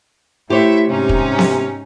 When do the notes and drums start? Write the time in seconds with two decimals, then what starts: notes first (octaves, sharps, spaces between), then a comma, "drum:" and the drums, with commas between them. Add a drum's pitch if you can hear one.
0.50 A3 E4 G4 C5 C#5 E5
0.89 G#2 C3 C#4 D#4
1.09 drum: kick
1.39 drum: snare B3